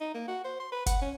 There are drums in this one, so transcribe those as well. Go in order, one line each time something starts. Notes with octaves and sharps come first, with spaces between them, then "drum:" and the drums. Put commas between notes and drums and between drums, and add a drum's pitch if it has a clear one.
D#4
A#3
F#4
C5
C6
B4
F#5, drum: kick F#1, hi-hat
C#4